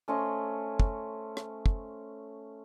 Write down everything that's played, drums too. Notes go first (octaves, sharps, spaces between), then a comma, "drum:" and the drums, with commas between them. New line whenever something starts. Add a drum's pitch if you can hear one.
A3 C#4 C5 D#5
drum: kick
drum: rim click
drum: kick